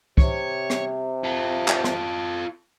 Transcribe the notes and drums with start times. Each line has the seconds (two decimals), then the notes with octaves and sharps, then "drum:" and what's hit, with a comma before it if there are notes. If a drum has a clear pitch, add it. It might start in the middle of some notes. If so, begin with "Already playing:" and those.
0.18 C3 C#5, drum: kick
0.70 drum: rim click
1.24 F4 A4
1.68 drum: clap
1.84 drum: rim click